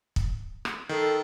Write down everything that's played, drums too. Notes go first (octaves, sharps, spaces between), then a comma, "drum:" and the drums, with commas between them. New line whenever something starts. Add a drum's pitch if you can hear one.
drum: kick
drum: rim click
D#3 A4